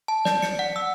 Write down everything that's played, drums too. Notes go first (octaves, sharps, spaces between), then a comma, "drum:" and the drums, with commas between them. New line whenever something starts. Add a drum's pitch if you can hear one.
A5
D5, drum: snare
C#7, drum: snare
F#5
E6